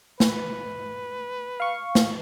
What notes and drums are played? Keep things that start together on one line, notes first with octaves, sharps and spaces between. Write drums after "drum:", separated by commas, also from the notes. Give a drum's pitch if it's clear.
B4, drum: snare
F5 C#6
drum: snare